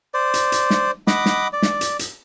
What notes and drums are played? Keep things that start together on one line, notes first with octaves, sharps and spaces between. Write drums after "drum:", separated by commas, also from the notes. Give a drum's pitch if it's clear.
C5 D5
drum: hi-hat
drum: hi-hat
drum: snare
D#5 F#5 B5 D6, drum: snare
drum: snare
D5
drum: snare
drum: hi-hat
drum: hi-hat